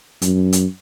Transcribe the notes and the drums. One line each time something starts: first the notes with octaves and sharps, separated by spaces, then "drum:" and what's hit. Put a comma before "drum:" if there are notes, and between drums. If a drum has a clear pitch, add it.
F#2, drum: hi-hat
drum: hi-hat